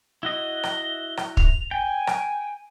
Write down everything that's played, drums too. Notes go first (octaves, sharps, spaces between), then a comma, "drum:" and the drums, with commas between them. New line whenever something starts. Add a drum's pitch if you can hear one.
E4 F#4 D#5 G7
drum: rim click
drum: rim click
F7, drum: kick
G5 G#5
drum: rim click